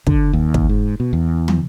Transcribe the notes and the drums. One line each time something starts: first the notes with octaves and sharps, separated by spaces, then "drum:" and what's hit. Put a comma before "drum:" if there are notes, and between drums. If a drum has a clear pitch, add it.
D3, drum: kick
D#2
drum: kick
G#2
B2
E2
drum: tom